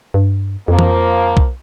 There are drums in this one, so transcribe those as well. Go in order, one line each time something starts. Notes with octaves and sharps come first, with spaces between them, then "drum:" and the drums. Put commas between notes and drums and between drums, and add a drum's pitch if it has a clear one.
G2
F2 F3 A#3
drum: tom
drum: kick B1